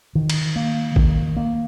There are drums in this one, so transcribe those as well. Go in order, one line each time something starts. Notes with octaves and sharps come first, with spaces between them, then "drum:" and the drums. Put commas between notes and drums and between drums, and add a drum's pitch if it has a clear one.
D#3
drum: cymbal
A#3
D#3, drum: kick
A#3